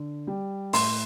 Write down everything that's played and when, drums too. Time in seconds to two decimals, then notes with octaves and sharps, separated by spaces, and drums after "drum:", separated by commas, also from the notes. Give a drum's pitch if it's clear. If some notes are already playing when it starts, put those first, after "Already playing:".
Already playing: D3
0.27 G3
0.73 A2 C6, drum: open hi-hat